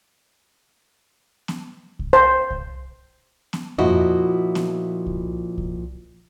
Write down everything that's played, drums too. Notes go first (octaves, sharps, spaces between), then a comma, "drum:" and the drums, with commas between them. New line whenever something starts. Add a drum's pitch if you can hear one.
drum: snare
drum: kick C2
C5
drum: kick C2
drum: snare
A#2 F3 E4 F#4 D#5, drum: tom F2
drum: snare
drum: kick C2
drum: kick C2